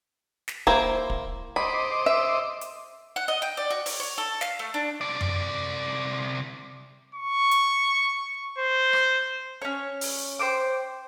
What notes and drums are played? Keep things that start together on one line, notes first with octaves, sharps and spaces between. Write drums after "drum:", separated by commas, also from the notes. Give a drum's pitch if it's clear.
drum: snare
A#3 E4 C5, drum: kick
drum: kick
C5 D#5 B5 D6
E5
drum: hi-hat
F#5
D#5
G5
D5
F#4
C#5, drum: open hi-hat
C#5
A4
F5, drum: snare
A3
D4
C3 D5
drum: tom F#2
C#6
drum: hi-hat
C5
drum: rim click
C#4 C#5
drum: open hi-hat
C5 G5 D6